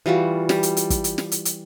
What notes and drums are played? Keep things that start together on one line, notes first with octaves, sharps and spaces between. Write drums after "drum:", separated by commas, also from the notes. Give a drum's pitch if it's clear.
E3 G3 F4 F#4
G3, drum: snare
drum: hi-hat
drum: hi-hat
drum: kick, hi-hat
drum: hi-hat
drum: snare
drum: hi-hat
drum: hi-hat